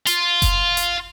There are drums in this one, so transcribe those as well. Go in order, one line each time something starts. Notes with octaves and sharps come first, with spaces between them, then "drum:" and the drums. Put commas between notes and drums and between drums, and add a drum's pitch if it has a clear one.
F4, drum: hi-hat
drum: kick F#1, hi-hat
drum: hi-hat